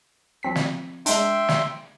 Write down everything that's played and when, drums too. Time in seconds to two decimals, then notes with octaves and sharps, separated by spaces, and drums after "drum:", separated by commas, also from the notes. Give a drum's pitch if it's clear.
0.43 F3 C4 B6
0.55 drum: snare
1.06 G#3 D4 E5 G5 C6, drum: hi-hat
1.49 drum: snare